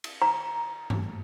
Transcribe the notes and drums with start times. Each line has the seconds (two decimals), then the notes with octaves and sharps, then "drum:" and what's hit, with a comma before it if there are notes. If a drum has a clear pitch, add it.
0.04 drum: cymbal
0.22 A#5
0.90 drum: tom G2